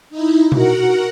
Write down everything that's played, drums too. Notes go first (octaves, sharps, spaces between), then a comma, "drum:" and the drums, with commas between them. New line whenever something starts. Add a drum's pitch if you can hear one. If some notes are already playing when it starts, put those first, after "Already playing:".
D#4 E4
F#4 A#4 F#5, drum: tom B2